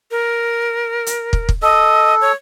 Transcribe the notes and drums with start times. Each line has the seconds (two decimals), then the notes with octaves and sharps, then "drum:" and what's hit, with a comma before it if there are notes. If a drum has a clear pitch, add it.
0.11 A#4
1.06 drum: hi-hat
1.33 drum: kick
1.49 drum: kick
1.62 A4 D#5
2.21 C#5